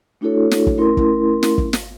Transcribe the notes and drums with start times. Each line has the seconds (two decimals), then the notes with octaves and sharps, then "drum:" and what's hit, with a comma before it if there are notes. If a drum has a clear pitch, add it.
0.21 A3 D4 E4 F#4 A4 C#5
0.51 drum: snare
0.67 drum: kick
0.78 A3 C#4 E4 A#4 C6
0.97 drum: kick
1.43 drum: snare
1.58 drum: kick
1.73 drum: snare